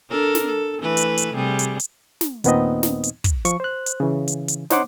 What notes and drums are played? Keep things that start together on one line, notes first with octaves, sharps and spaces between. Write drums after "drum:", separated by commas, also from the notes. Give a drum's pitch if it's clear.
D4 A4 A#4
drum: snare
A4
E3 A3 B4
drum: hi-hat
drum: hi-hat
C3 G3 G#4
drum: hi-hat
drum: hi-hat
drum: snare
D#2 A#2 B3 C4 D#4 D#5, drum: hi-hat
drum: snare
drum: hi-hat
drum: kick, hi-hat
F3 C#6, drum: hi-hat
C5 F#6
drum: hi-hat
C#3 E3
drum: hi-hat
drum: hi-hat
D#4 C5 C#5 F#5 C6 D6, drum: snare